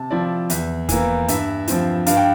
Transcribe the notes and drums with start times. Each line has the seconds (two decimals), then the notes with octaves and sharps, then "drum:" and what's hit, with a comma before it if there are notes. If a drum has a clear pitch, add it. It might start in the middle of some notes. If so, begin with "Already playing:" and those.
Already playing: C3 A5
0.11 F3 C4 E4 D5
0.50 E2 E5, drum: hi-hat
0.89 E3 A#3 E4, drum: kick E2, hi-hat
1.28 G2 E5, drum: hi-hat
1.68 F3 C4 E4, drum: hi-hat
2.06 G2 F5, drum: hi-hat
2.17 G5